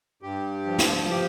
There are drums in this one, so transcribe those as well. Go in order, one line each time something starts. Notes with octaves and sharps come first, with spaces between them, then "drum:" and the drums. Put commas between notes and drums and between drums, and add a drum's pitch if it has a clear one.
G2 G4
F3
drum: snare
G4